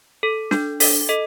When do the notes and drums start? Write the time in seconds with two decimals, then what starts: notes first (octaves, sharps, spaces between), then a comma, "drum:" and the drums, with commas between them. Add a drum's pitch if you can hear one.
0.23 A4
0.51 D4, drum: snare
0.80 A4, drum: open hi-hat
1.09 A4 D#5